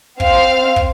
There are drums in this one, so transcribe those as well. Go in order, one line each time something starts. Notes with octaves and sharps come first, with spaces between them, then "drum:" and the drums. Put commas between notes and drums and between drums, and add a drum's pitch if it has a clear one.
C4 F5, drum: kick
drum: kick